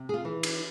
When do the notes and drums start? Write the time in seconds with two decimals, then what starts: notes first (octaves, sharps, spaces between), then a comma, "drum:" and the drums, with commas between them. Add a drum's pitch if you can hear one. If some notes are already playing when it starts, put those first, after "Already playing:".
Already playing: C3
0.09 G#4
0.14 F4
0.25 E3
0.43 drum: cymbal